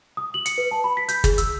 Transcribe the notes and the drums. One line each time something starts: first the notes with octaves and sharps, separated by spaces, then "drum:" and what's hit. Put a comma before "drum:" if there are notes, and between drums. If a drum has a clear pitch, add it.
D#6
F#7
C#7, drum: hi-hat
B4
A5
B5
B6
G6, drum: hi-hat
G#4, drum: kick, hi-hat
E6, drum: hi-hat